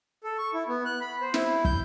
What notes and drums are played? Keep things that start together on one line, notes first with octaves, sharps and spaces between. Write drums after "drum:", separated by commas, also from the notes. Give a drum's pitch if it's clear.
A4
C#6
E4
B3
F#6
B5
C5
E4, drum: snare
G6, drum: kick